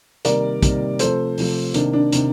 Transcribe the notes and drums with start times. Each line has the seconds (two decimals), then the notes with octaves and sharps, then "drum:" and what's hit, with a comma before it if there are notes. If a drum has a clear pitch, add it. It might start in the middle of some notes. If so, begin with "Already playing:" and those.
0.25 C3 D#3 G3 A#3 A#4 D5, drum: hi-hat
0.62 C3 D#3 G3 A#3, drum: kick, hi-hat
0.99 C3 F3 A3 A4 C5, drum: hi-hat
1.38 C3 F3 A3, drum: open hi-hat
1.74 C3 D#3 A#3 D4, drum: hi-hat
1.93 D4
2.12 C3 D#3 A#3, drum: hi-hat